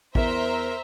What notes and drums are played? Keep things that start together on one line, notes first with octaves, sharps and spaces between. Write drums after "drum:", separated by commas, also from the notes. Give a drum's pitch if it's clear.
E2 A#4 C5 E5 A#5, drum: kick